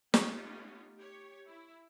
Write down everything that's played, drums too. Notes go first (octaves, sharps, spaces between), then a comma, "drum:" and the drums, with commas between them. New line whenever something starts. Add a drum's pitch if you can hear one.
A3 B3 C#4 D#4 F4 G4, drum: snare
G4 C#5
E4